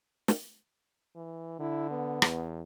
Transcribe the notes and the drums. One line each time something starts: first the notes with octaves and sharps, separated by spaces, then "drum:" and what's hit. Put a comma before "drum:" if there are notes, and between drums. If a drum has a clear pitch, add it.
drum: snare
E3
D3 E4
B3
E2, drum: rim click